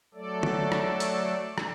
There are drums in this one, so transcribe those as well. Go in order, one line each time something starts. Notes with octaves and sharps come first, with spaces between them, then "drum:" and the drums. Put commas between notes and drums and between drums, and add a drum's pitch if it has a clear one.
F#3 A3 A4 D5
drum: tom
drum: rim click
drum: hi-hat
drum: rim click